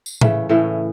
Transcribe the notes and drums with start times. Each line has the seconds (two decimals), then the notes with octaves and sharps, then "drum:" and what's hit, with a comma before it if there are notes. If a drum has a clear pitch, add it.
0.06 drum: tambourine
0.21 C#3 E3 A3, drum: tom A2
0.49 A2 E3 A3 C#4